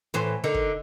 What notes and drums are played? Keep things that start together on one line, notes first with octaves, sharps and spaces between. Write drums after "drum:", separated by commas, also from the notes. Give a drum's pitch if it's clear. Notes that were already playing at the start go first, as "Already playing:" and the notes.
A2 E3 C5
D3 D#4 A#4
drum: kick